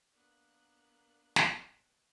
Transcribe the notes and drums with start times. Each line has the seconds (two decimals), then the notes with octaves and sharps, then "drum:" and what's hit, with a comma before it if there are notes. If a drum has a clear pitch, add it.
0.14 A#3 B3 D4 A#4 F#6
1.36 drum: snare